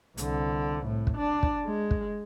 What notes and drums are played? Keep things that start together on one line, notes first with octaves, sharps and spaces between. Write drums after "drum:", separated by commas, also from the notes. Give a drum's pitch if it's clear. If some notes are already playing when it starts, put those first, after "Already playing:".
C2 D3, drum: hi-hat
A2
drum: kick
D4
drum: kick
G#3
drum: kick